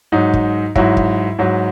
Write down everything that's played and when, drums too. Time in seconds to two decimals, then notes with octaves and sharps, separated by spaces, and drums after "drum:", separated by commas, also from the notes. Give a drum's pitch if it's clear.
0.12 G#2 F#3 D#4
0.34 drum: kick
0.76 G#2 F#3 E4, drum: kick
0.97 drum: kick
1.39 G#2 F#3